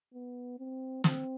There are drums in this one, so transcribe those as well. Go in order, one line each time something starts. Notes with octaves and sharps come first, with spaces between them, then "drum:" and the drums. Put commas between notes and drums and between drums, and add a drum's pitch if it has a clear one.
B3
C4
C4, drum: snare